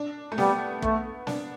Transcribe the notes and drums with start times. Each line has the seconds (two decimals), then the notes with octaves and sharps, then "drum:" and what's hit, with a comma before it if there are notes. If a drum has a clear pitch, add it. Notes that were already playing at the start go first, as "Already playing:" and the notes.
Already playing: D4
0.32 A3
0.38 G3 B3, drum: snare
0.82 A3, drum: kick
1.27 D4, drum: snare